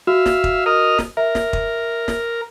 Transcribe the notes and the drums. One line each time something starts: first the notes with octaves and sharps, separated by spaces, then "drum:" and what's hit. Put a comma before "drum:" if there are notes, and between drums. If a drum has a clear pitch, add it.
F#4 E5 F5
drum: snare
drum: kick
A#4 D#5 F6
drum: snare
A#4 E5
drum: snare
drum: kick
drum: snare